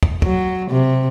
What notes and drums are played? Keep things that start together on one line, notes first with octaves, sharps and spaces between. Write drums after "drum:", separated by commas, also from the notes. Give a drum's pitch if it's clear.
drum: kick
F#3, drum: kick
C3